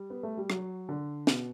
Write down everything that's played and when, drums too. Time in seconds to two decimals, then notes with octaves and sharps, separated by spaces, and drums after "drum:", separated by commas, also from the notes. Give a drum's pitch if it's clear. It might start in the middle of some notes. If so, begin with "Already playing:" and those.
Already playing: G3
0.10 B3
0.23 A3
0.37 G3
0.50 F#3, drum: rim click
0.89 D3
1.27 B2, drum: snare